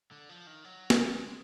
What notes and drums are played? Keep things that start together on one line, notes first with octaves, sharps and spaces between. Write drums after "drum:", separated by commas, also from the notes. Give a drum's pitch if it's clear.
D3
F3
D#3
F#3
G3, drum: snare
G#3